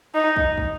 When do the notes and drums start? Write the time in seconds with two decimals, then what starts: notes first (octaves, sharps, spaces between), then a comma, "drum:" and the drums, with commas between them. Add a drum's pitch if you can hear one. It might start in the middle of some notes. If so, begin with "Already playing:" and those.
0.15 D#4
0.36 drum: kick
0.58 drum: kick